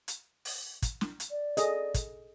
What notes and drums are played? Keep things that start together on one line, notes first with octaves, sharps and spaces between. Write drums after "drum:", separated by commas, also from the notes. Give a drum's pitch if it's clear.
drum: hi-hat
drum: open hi-hat
drum: kick, hi-hat
drum: snare
drum: hi-hat
D5
G#4 A4 D#5, drum: hi-hat
drum: kick, hi-hat